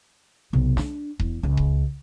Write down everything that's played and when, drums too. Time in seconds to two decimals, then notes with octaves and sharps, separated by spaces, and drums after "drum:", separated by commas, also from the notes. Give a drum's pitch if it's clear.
0.53 B1 C3
0.77 D4, drum: snare
1.19 E2, drum: kick D#1
1.43 C#2
1.57 drum: kick D#1